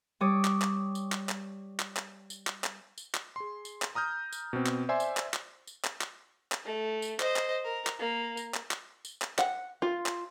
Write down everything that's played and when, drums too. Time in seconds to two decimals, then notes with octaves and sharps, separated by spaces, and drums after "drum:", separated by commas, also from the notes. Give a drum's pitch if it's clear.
0.20 G3 C#5 D6 D#6
0.45 drum: clap
0.62 drum: clap
0.95 drum: tambourine
1.12 drum: clap
1.29 drum: clap
1.80 drum: clap
1.96 drum: clap
2.30 drum: tambourine
2.47 drum: clap
2.64 drum: clap
2.98 drum: tambourine
3.14 drum: clap
3.36 G#4 C6
3.65 drum: tambourine
3.82 drum: clap
3.95 A#5 D#6 F6 G6
4.33 drum: tambourine
4.53 B2 C4
4.66 drum: clap
4.89 C5 D5 E5 G#5 C6
5.00 drum: tambourine
5.17 drum: clap
5.34 drum: clap
5.67 drum: tambourine
5.84 drum: clap
6.01 drum: clap
6.52 drum: clap
6.65 A3
7.02 drum: tambourine
7.20 C5 D#5, drum: clap
7.36 drum: clap
7.64 A#4
7.87 drum: clap
7.99 A#3
8.37 drum: tambourine
8.54 drum: clap
8.71 drum: clap
9.05 drum: tambourine
9.22 drum: clap
9.38 F#5, drum: clap
9.82 F4
10.06 drum: clap